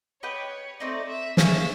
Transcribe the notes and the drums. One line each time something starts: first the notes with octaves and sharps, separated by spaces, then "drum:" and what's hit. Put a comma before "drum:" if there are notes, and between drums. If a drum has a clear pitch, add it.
G4 B4 C#5 D#5 G5
A3 C4 D#4 D5
E5
G#4 C#5 E5 F5 A5, drum: snare